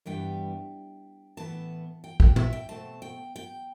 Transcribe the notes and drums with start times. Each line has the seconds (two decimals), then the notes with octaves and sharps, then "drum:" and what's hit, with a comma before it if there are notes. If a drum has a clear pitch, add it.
0.06 G2 E3 G3 B3 G5
1.37 A2 E3 B3 A5
2.04 G5
2.20 G5, drum: kick
2.36 E5, drum: tom
2.53 G5
2.69 B2 A3 C4 A5
3.02 G5
3.36 G5